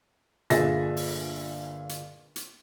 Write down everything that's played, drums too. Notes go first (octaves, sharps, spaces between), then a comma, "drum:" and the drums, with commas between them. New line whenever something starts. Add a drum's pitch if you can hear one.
G1 A#2 G#4 E5 A6 A#6, drum: hi-hat
drum: open hi-hat
drum: hi-hat
drum: hi-hat